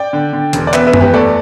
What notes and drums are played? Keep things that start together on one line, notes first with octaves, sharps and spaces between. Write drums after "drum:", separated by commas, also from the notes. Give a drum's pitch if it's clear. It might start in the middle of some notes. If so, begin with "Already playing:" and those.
Already playing: D5 G5
D3
D3
E1, drum: hi-hat
D5
B3 B4 E5, drum: clap
B4 E5
E2, drum: tom F#2
G4 B4
A3 A4 D5